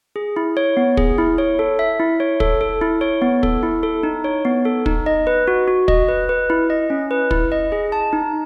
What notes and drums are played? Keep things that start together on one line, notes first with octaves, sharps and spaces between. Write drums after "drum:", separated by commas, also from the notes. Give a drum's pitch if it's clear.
G#4
E4
C#5
B3
G#4, drum: kick
E4
C#5
A4
E5
E4
C#5
A4, drum: kick
A4
E4
C#5
B3
A4, drum: kick
E4
A4
D#4
C#5
B3
A4
D#4, drum: kick
D#5
B4
F#4
F#4
D#5, drum: kick
B4
B4
E4
D#5
C#4
B4
E4, drum: kick
D#5
G#4
A5
D#4